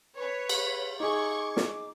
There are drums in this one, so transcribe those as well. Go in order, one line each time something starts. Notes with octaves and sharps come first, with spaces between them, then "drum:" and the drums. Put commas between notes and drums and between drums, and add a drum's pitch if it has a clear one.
B4 C#5
drum: cymbal
D#4 G#4 C#6 D6 G#6
drum: snare